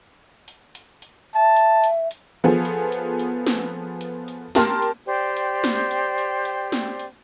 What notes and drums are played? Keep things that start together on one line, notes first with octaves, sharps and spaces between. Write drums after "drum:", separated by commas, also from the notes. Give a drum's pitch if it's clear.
drum: hi-hat
drum: hi-hat
drum: hi-hat
E5 A5
drum: hi-hat
drum: hi-hat
drum: hi-hat
F3 B3 G#4 A4
drum: hi-hat
drum: hi-hat
drum: hi-hat
drum: snare
drum: hi-hat
drum: hi-hat
G4 A#4 A5 C6 F6, drum: snare
drum: hi-hat
G4 C5 D5 G5
drum: hi-hat
drum: snare
drum: hi-hat
drum: hi-hat
drum: hi-hat
drum: snare
drum: hi-hat